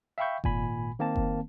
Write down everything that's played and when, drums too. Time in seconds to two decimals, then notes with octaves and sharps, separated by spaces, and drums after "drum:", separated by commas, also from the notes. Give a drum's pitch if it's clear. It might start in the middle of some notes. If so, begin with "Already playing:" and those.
0.18 E5 F5 G5 B5 C#6 G6
0.44 G#1 A#2 G#5 B5, drum: kick F#1
0.99 D#3 A#3 C4 A5
1.16 drum: kick F#1